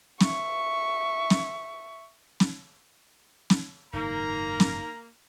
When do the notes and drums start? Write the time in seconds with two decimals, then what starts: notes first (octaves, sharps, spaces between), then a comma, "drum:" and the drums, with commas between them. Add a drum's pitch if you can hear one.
0.21 E5 C#6, drum: snare
1.30 drum: snare
2.40 drum: snare
3.50 drum: snare
3.93 F#1 G#2 D#3 A#3 D#4 A#5
4.60 drum: snare